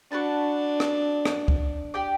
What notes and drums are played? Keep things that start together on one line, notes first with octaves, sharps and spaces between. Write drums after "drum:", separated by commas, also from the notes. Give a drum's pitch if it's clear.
D4 F#4 B4 F#5 A5
drum: rim click
drum: rim click
drum: kick
G4 D5 G5